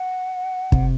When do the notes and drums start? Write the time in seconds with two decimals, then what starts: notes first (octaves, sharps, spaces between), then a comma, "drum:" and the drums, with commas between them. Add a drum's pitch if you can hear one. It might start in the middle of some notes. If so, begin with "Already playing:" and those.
Already playing: F#5
0.72 C3, drum: kick